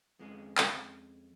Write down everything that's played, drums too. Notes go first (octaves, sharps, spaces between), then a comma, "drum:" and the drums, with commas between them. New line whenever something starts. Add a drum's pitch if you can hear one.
F2 G#3 C#4 G#4
drum: clap